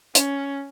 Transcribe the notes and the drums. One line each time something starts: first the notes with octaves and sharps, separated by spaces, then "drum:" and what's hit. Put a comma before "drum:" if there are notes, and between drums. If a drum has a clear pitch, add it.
C#4, drum: hi-hat